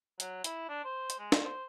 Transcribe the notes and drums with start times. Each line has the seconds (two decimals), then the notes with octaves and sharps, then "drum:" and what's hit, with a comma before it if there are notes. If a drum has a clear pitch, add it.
0.20 F#3, drum: hi-hat
0.44 E4, drum: hi-hat
0.69 D4
0.84 C5
1.10 drum: hi-hat
1.19 G#3
1.32 drum: snare
1.43 C5